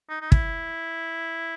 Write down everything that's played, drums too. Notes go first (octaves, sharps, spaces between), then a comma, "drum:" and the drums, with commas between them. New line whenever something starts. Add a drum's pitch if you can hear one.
D#4
D#4
E4, drum: kick